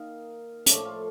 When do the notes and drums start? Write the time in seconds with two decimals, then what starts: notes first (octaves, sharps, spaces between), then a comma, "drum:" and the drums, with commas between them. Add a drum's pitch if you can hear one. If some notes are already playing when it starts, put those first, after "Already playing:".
Already playing: D#3 A#3 D#4 D#5 F5
0.66 A2 F3 A3 D5, drum: hi-hat
0.85 F4